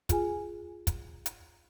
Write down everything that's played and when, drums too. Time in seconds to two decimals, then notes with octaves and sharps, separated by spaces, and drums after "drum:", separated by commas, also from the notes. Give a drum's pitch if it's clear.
0.09 F4 G#4 G#5, drum: kick, hi-hat
0.87 drum: kick, hi-hat
1.26 drum: hi-hat